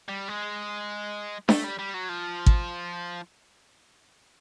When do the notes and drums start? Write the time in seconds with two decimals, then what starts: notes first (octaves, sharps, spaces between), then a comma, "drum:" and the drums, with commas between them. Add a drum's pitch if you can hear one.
0.09 G3
0.29 G#3
1.49 A3, drum: snare D4
1.64 G3
1.79 G3
1.94 F#3
2.09 F3
2.46 drum: kick